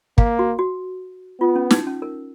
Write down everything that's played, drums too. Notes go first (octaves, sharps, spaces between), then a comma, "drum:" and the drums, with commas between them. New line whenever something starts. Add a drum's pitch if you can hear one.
A#3 F5, drum: kick
F#4
F#4
B3 F4
C#4
D#4, drum: snare
C#4
A#4